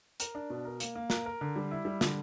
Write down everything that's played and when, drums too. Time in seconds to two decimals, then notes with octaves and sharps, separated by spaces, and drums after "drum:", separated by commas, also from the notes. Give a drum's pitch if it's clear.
0.20 A#4, drum: hi-hat
0.35 D4
0.50 B2
0.65 A#4
0.80 A#3, drum: hi-hat
0.95 A#3
1.10 A#4, drum: snare
1.26 A#4
1.41 D3
1.56 G3
1.71 E4
1.85 G3
2.01 D3, drum: snare